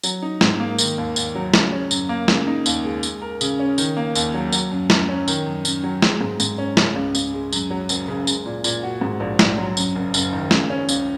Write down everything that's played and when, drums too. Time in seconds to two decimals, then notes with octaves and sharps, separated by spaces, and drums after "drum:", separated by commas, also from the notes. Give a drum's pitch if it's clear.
0.04 F#3, drum: tambourine
0.22 D#4
0.41 G#2, drum: snare
0.60 A#3
0.79 D#3, drum: tambourine
0.98 D#2
1.16 D#2, drum: tambourine
1.35 F#3
1.54 C#3, drum: snare
1.72 C#4
1.91 F#2, drum: tambourine
2.09 A#3
2.28 C#3, drum: snare
2.47 D#4
2.66 D#2, drum: tambourine
2.85 G#3
3.03 G#3, drum: tambourine
3.22 A#4
3.41 C#3, drum: tambourine
3.59 C#4
3.78 D#3, drum: tambourine
3.97 A#3
4.16 D#2, drum: tambourine
4.34 F#3
4.52 F#3, drum: tambourine
4.71 F#2
4.90 F#2, drum: snare
5.09 C#4
5.28 D#3, drum: tambourine
5.46 F#2
5.65 F#2, drum: tambourine
5.83 F#3
6.02 G#3, drum: snare
6.21 G#2
6.40 G#2, drum: tambourine
6.58 C#4
6.77 C#3, drum: snare
6.96 C#2
7.15 C#2, drum: tambourine
7.34 G#3
7.53 F#2, drum: tambourine
7.70 F#3
7.89 F#1, drum: tambourine
8.08 C#3
8.27 G#3, drum: tambourine
8.46 A#2
8.64 A#2, drum: tambourine
8.83 F#4
9.01 G#2
9.20 A#1
9.39 A#1, drum: snare
9.58 F#3
9.77 F#2, drum: tambourine
9.95 F#1
10.14 F#1, drum: tambourine
10.33 D#3
10.51 C#3, drum: snare
10.70 C#4
10.89 C#2, drum: tambourine